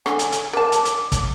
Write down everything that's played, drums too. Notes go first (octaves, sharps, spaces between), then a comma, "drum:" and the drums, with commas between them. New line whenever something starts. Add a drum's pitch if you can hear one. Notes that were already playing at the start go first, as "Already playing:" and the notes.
D3 G#5, drum: rim click
drum: hi-hat
drum: hi-hat
A#4 A5 D6
drum: hi-hat
drum: hi-hat
drum: kick, hi-hat